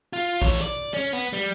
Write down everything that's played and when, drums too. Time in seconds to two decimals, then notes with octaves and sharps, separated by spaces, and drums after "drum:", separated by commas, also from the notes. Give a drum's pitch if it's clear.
0.13 F4
0.42 E3 C#5, drum: kick A#1
0.61 D5
0.94 C#4
1.13 B3
1.33 G3